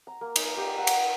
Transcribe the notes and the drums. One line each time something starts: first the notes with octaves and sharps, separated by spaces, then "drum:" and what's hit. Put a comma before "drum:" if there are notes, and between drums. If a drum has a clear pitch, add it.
A#5
A#3
D#4, drum: cymbal
G4
F#5
drum: cymbal